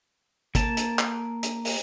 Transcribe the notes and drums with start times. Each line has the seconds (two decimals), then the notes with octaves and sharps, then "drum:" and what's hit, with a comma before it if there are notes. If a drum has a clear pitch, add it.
0.55 A#3 A5, drum: kick, hi-hat
0.77 drum: hi-hat
0.99 drum: clap
1.43 drum: hi-hat
1.65 drum: open hi-hat